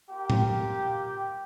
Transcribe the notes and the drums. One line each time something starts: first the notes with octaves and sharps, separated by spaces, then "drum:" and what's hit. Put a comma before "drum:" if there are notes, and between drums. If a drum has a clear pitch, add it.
A#3 F4 G4
drum: tom A2